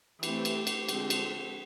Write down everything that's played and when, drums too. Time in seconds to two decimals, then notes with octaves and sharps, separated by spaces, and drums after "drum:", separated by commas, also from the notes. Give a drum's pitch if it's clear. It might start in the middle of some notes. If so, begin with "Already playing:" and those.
0.23 E3 A3 C4 G4, drum: cymbal
0.45 drum: cymbal
0.67 drum: cymbal
0.89 D3 F3 G#3 C4, drum: cymbal
1.10 drum: cymbal